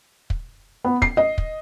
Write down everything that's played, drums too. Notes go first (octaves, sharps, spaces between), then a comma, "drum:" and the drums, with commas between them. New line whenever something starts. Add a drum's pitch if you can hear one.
drum: kick
B3
C7, drum: kick
D#5
drum: kick